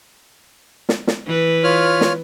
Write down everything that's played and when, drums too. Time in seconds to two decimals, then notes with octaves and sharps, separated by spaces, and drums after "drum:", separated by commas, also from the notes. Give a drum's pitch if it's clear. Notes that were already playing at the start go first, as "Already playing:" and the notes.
0.89 drum: snare
1.07 drum: snare
1.26 E3 B4
1.64 F4 C#5 F6
2.01 drum: snare